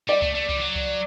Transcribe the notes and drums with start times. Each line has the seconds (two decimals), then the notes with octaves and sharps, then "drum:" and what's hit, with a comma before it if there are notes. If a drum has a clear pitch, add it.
0.09 G3 D5
0.22 A3, drum: kick C2
0.36 A3
0.49 G3, drum: kick C2
0.56 E3
0.62 F#3
0.76 drum: kick C2